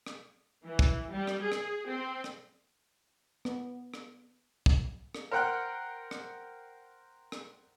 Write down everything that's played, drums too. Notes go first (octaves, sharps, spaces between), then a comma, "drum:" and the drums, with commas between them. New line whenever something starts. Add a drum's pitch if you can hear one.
drum: rim click
E3
drum: kick
G3
drum: rim click
G#4
drum: rim click
C4
drum: rim click
B3, drum: rim click
drum: rim click
drum: kick
drum: rim click
A#4 C5 F#5 G5 F6 F#6
drum: rim click
drum: rim click